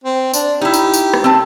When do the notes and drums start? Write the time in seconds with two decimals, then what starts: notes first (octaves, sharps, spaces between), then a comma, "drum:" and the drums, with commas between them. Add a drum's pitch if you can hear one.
0.04 C4
0.33 D4, drum: tambourine
0.61 D#4 E4 G4
0.74 drum: tambourine
0.94 drum: tambourine
1.14 drum: rim click
1.24 C4 A5